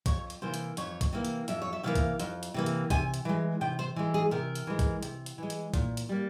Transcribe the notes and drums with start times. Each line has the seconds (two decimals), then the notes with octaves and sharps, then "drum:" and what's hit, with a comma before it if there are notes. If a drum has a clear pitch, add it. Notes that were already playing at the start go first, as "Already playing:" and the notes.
0.06 F2 C#5, drum: kick, hi-hat
0.30 drum: hi-hat
0.42 C3 E3 A#3 C5
0.54 drum: hi-hat
0.77 F2 C#5, drum: hi-hat
1.01 drum: kick, hi-hat
1.13 C3 E3 A#3
1.25 drum: hi-hat
1.48 F2 E5, drum: hi-hat
1.62 C#5
1.73 E5
1.83 C3 E3 A#3 F5
1.95 drum: kick, hi-hat
2.20 F2, drum: hi-hat
2.43 drum: hi-hat
2.54 C3 E3 A#3
2.66 drum: hi-hat
2.90 C3 G#5, drum: kick, hi-hat
3.14 drum: hi-hat
3.25 E3 G#3
3.61 C3 G5
3.79 C5
3.96 E3 G#3
4.14 G#4
4.31 C3 A#4
4.55 drum: hi-hat
4.67 E3 G#3
4.79 drum: kick, hi-hat
5.03 C3, drum: hi-hat
5.26 drum: hi-hat
5.38 E3 G#3
5.50 drum: hi-hat
5.74 A#2, drum: kick, hi-hat
5.97 drum: hi-hat
6.09 G3 A#3